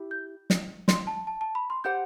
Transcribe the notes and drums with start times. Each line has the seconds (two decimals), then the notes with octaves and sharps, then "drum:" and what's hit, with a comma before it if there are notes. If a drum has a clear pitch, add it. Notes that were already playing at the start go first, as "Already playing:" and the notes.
Already playing: E4 G4
0.11 G6
0.50 drum: snare
0.88 C6, drum: snare
1.07 A5
1.27 A5
1.41 A5
1.55 B5
1.70 C6
1.84 G4 C5 F#5 G6